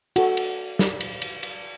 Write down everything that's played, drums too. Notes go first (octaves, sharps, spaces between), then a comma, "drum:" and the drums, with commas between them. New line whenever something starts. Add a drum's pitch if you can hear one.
F#4 A4, drum: cymbal
drum: cymbal
drum: snare
drum: cymbal
drum: cymbal
drum: cymbal